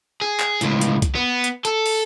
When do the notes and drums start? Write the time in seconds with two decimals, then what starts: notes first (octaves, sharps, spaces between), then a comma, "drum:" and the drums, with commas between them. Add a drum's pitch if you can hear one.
0.21 G#4
0.40 drum: clap
0.61 C#2 A2, drum: hi-hat
0.81 drum: hi-hat
1.02 drum: kick, hi-hat
1.15 B3
1.44 drum: hi-hat
1.65 A4, drum: hi-hat
1.86 drum: open hi-hat